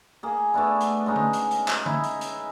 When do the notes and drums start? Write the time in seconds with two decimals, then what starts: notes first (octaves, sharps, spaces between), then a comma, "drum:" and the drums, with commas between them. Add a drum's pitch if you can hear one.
0.23 A#3 G#4
0.54 A3 B3 D4 E4
0.80 drum: hi-hat
1.06 G#3 C#4 D#4
1.16 drum: tom
1.33 drum: hi-hat
1.51 drum: hi-hat
1.68 drum: clap
1.86 D#4 E4, drum: tom
2.03 drum: hi-hat
2.21 drum: hi-hat